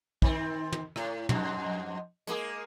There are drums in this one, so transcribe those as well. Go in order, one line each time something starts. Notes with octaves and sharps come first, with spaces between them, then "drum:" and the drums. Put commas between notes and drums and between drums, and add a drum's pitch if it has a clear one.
D#3 C4, drum: kick
drum: tom
A2, drum: rim click
F2 G#2, drum: tom
G#3 A#3 G#4, drum: hi-hat